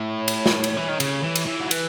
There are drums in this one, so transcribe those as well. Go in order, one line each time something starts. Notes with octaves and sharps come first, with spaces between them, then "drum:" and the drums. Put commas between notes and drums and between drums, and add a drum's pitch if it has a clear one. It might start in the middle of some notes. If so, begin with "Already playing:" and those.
Already playing: A2
C#5
drum: cymbal
drum: snare
drum: cymbal
E3
D#3
C#3, drum: cymbal
E3
drum: cymbal
E3
F#3
E3 B4, drum: cymbal